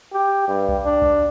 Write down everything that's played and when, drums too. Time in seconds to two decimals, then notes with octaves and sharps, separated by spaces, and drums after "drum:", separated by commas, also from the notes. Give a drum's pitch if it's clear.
0.13 G4
0.48 G2
0.68 drum: kick C2
0.85 D4
1.02 drum: kick C2